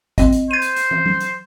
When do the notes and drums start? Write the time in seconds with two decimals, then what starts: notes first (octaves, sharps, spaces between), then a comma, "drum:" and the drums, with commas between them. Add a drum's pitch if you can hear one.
0.18 A#1 C4 D#5, drum: kick, hi-hat
0.32 drum: hi-hat
0.51 C5 G#6 D#7
0.62 drum: hi-hat
0.76 drum: hi-hat
0.91 drum: tom
1.06 drum: tom F#3
1.20 drum: hi-hat